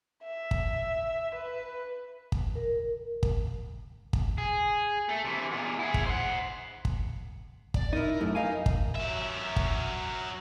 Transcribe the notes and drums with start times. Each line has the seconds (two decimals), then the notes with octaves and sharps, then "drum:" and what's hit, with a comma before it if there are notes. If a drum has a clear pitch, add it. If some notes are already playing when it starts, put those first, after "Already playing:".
0.23 E5
0.51 drum: kick
1.35 B4
2.32 drum: kick
2.55 A#4
3.23 drum: kick
4.13 drum: kick
4.38 G#4
5.09 A3 A4
5.24 C3 E3
5.51 E2 A#2
5.79 E4 G#4
5.94 drum: kick
6.06 C5 F#5
6.85 drum: kick
7.74 D5, drum: kick
7.93 D#4 E4 A#4
8.21 F#2 A3
8.35 D#4 A#4 F5 G#5
8.66 drum: kick
8.96 F#3 E5
9.56 drum: kick